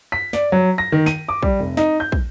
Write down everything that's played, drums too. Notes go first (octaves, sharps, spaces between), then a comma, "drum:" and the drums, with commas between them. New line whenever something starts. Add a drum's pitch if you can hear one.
B6
D5, drum: snare
F#3
A#6
D#3
D#7, drum: snare
D6
G3, drum: kick
F1
D#4, drum: snare
G6
drum: kick